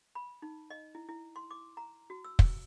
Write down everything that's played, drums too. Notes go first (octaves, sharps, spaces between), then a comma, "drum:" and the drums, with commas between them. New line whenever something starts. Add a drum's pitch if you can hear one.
B5
D#4
D#5
E4
E4
C6
D6
A#5
F#4
E6
drum: kick